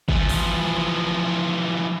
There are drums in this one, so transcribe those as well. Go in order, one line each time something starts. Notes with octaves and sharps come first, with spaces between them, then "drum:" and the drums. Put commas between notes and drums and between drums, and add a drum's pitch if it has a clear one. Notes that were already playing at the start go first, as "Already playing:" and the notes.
E3 F3, drum: kick
drum: open hi-hat